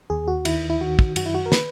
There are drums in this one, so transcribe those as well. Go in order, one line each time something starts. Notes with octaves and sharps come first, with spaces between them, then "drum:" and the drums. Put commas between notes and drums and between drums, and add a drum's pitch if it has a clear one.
D#2 G#4
F#4
D#3 E4, drum: cymbal
E4
D#3 F#4
drum: kick
F#2 F#4, drum: cymbal
E4
F#4
A#4
B4, drum: snare